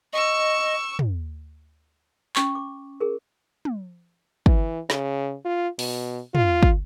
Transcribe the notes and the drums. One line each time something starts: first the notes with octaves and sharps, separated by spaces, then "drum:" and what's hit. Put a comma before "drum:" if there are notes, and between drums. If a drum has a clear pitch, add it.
D#5 C#6 E6
drum: tom
C#4 C#6, drum: clap
D6
G#4 A#4
drum: tom
E3, drum: kick
C#3, drum: snare
F4
B2, drum: open hi-hat
F4, drum: tom
drum: kick